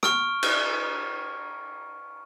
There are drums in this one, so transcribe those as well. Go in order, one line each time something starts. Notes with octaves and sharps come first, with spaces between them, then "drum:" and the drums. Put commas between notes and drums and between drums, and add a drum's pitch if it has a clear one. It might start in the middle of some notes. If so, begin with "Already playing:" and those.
C#6 F6 D7, drum: rim click
drum: cymbal